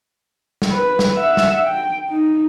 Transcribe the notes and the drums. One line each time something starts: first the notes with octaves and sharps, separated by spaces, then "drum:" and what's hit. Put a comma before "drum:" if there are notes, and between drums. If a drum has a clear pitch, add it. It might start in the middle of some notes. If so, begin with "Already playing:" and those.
drum: snare
B4
drum: snare
E5 F#5
drum: snare
G5
D#4